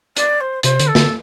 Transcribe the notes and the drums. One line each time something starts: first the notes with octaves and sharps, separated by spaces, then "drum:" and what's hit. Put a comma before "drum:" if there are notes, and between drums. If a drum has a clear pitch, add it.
D5, drum: hi-hat
C5
C3 C5, drum: hi-hat
D3, drum: hi-hat
A4
D3, drum: snare